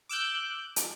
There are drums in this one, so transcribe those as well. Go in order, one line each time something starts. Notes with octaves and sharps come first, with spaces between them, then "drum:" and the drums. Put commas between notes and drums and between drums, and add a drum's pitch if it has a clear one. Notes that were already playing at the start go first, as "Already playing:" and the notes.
D6 E6 F#6 G6
drum: hi-hat